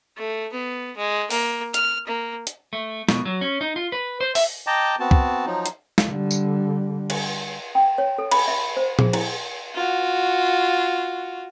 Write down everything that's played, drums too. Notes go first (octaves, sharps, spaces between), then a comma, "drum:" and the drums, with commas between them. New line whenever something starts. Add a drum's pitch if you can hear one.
A3
B3
G#3
A#3, drum: open hi-hat
F6, drum: hi-hat
A#3
drum: hi-hat
A3
B2, drum: snare
F#3
C#4
D#4
F4
B4
C5
E5, drum: open hi-hat
D#5 G5 A5 A#5 D6
B3 C4 F#4 A5
drum: kick C2
F3 F#3 D#4
drum: hi-hat
drum: snare
D3 G3
drum: tambourine
drum: cymbal
G5
C#5
A4
B5, drum: cymbal
E5
C5
G#4, drum: tom A#2
E4, drum: cymbal
F4 F#4